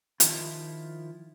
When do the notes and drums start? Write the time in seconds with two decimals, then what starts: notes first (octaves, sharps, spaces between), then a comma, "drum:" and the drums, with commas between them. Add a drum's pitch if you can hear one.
0.20 D#3 F3 E4 F4, drum: hi-hat